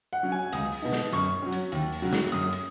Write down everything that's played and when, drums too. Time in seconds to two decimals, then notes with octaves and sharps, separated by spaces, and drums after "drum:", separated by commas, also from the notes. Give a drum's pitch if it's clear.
0.13 F#5
0.23 F#3 C#4
0.32 G#5
0.53 C#2 D#6, drum: hi-hat
0.72 drum: open hi-hat
0.82 B2 B3 D#4
0.92 drum: snare
1.12 F#2 C#6, drum: hi-hat
1.42 F#3 C#4
1.53 drum: hi-hat
1.72 D#2, drum: hi-hat
1.93 drum: open hi-hat
2.02 C#3 F#3
2.13 drum: snare
2.32 F#2 D#6, drum: hi-hat
2.53 drum: hi-hat